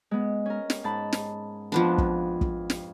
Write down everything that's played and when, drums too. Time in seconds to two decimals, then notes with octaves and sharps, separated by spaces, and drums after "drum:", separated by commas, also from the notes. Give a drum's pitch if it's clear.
0.11 G#3 B3
0.46 C#4 A#4
0.70 drum: snare
0.84 G#2 A5 B5
1.13 drum: snare
1.72 F2 F3 B3 D4 B4
1.98 drum: kick
2.41 drum: kick
2.70 drum: snare